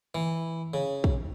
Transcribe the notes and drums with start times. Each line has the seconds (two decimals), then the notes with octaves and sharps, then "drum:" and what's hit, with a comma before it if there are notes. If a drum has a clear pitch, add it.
0.15 E3
0.74 C#3
1.04 drum: kick